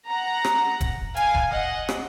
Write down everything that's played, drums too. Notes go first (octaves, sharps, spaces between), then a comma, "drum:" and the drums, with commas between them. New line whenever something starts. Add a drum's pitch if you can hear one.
F#5 A#5
drum: rim click
drum: kick E1, hi-hat
F5 G#5, drum: hi-hat
drum: kick E1
D#5 F#5
drum: rim click